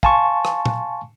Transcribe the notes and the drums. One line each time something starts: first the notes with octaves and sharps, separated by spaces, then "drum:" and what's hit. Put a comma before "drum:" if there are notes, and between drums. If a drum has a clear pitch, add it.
F5 G#5 A5 C6 C#6, drum: kick
drum: rim click
drum: tom